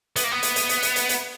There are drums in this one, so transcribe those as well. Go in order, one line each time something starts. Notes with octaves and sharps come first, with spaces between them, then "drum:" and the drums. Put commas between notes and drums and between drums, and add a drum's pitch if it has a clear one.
B3, drum: hi-hat
A#3
B3
drum: hi-hat
drum: hi-hat
drum: hi-hat
drum: hi-hat
drum: hi-hat
drum: hi-hat